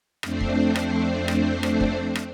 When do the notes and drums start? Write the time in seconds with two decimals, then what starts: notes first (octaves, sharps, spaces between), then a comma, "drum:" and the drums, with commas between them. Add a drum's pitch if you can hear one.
0.23 F2 A3 C4 D4 C5, drum: rim click
0.41 drum: kick
0.76 drum: rim click
1.28 drum: rim click
1.63 drum: rim click
1.80 drum: kick
2.15 drum: rim click